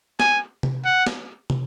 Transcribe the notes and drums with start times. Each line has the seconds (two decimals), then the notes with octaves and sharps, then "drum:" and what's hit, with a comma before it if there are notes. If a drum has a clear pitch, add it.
0.20 G#5, drum: snare
0.63 drum: tom C3
0.85 F#5
1.07 drum: snare
1.50 drum: tom